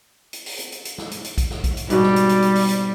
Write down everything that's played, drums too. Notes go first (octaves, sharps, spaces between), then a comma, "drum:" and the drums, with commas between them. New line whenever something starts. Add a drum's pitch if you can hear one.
drum: hi-hat
drum: open hi-hat
drum: hi-hat
drum: hi-hat
drum: hi-hat
drum: snare
drum: hi-hat
drum: hi-hat
drum: kick A#1, hi-hat
drum: snare
drum: kick A#1, hi-hat
drum: hi-hat
G#2 B2 G3 F#4, drum: hi-hat
drum: snare
drum: hi-hat
drum: hi-hat
drum: hi-hat
drum: open hi-hat
drum: hi-hat